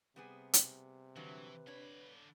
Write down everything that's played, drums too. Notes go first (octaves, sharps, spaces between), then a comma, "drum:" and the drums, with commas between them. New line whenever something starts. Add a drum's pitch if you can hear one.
C3 G3 B3 G#4
drum: hi-hat
G2 D3 E3 F#3 B4
D3 D4 C#5 B5